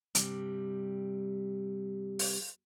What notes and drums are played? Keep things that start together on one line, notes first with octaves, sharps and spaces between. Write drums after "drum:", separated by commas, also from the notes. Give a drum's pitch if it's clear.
G2 C3 G3, drum: hi-hat
drum: open hi-hat